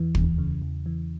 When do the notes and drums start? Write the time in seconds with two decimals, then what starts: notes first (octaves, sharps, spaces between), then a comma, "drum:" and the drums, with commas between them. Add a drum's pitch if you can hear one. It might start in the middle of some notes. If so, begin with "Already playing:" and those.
Already playing: E2 E3
0.15 E2, drum: kick
0.38 C#3
0.62 E2
0.86 E3